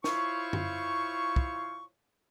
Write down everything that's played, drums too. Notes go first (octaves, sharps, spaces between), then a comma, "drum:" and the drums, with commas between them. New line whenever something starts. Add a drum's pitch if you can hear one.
E4 F4 C5 C#5 F5 C#6, drum: snare
drum: tom F#2
drum: kick